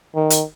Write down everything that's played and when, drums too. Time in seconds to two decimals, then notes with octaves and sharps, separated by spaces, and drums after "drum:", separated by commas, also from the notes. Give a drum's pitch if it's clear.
0.15 D#3
0.30 drum: hi-hat